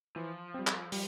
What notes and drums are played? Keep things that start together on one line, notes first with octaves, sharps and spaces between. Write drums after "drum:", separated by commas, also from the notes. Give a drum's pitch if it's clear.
E3 F3
G3 C4
drum: clap
G3, drum: open hi-hat